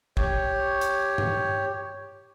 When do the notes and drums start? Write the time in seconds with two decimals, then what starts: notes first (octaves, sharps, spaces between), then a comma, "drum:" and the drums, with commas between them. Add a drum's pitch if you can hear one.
0.17 G4 C#5, drum: kick
0.81 drum: hi-hat
1.18 drum: tom G2